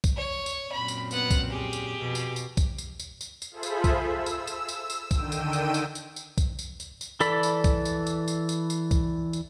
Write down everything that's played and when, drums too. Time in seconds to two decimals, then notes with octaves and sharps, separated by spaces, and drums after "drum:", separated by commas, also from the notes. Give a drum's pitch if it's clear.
0.04 drum: kick B1, tambourine
0.16 C#5
0.46 drum: tambourine
0.71 F#2 A#2 C4 B5
0.88 drum: tambourine
1.11 B3 F#5, drum: tambourine
1.31 drum: kick B1, tambourine
1.48 G4 G#4
1.73 drum: tambourine
1.98 F2 B2
2.15 drum: tambourine
2.36 drum: tambourine
2.57 drum: kick B1, tambourine
2.78 drum: tambourine
3.00 drum: tambourine
3.21 drum: tambourine
3.42 drum: tambourine
3.51 F4 G#4 A4 C5 E5 B5
3.63 drum: tambourine
3.84 drum: kick B1, tambourine
4.00 E6
4.26 drum: tambourine
4.47 drum: tambourine
4.69 drum: tambourine
4.90 drum: tambourine
5.11 D3 D#3 G5 E6 D#7, drum: kick B1, tambourine
5.32 drum: tambourine
5.53 drum: tambourine
5.74 drum: tambourine
5.95 drum: tambourine
6.16 drum: tambourine
6.38 drum: kick B1, tambourine
6.59 drum: tambourine
6.80 drum: tambourine
7.01 drum: tambourine
7.20 E3 A4 D5 B5, drum: tambourine
7.43 drum: tambourine
7.64 drum: kick B1, tambourine
7.85 drum: tambourine
8.07 drum: tambourine
8.28 drum: tambourine
8.49 drum: tambourine
8.70 drum: tambourine
8.91 drum: kick B1, tambourine
9.33 drum: tambourine